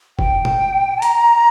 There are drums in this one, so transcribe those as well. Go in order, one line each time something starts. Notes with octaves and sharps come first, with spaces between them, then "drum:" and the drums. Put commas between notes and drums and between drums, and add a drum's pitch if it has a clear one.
G5, drum: kick
drum: tom A#2
A#5, drum: hi-hat